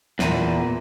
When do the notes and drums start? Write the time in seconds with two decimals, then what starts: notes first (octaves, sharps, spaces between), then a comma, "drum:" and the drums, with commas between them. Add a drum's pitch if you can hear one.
0.19 E2 A#2, drum: snare